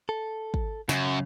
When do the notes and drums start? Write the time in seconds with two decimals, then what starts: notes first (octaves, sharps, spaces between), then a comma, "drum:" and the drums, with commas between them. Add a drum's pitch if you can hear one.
0.09 A4
0.54 drum: kick
0.89 F#2 C#3, drum: snare